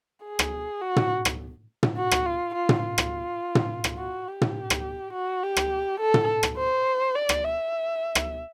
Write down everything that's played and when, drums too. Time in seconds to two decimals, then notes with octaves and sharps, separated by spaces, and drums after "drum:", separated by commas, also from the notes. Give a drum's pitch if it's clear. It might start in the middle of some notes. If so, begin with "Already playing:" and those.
0.24 G#4
0.39 drum: rim click
0.81 F#4
0.96 drum: tom
1.25 drum: rim click
1.83 drum: tom
1.97 F#4
2.11 drum: rim click
2.26 F4
2.55 F4
2.69 drum: tom
2.83 F4
2.98 drum: rim click
3.55 drum: tom
3.84 drum: rim click
3.98 F#4
4.27 G4
4.41 drum: tom
4.70 drum: rim click
5.13 F#4
5.43 G4
5.57 drum: rim click
6.00 A4
6.14 drum: tom
6.43 drum: rim click
6.57 C5
7.15 D5
7.29 drum: rim click
7.44 E5
8.15 drum: rim click